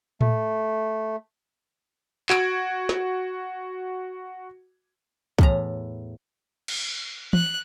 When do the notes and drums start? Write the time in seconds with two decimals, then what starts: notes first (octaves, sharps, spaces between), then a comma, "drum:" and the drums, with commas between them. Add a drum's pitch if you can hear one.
0.21 A3, drum: tom A2
2.30 F#4 G#6 D7, drum: clap
2.89 drum: snare
5.38 E2 A2 A#5, drum: kick
6.68 drum: cymbal
7.33 F#6, drum: tom E3